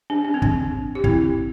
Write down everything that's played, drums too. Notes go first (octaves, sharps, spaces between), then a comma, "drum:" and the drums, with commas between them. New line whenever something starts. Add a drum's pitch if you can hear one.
D4
D4
C4
D4, drum: kick
G4
C4 E4, drum: kick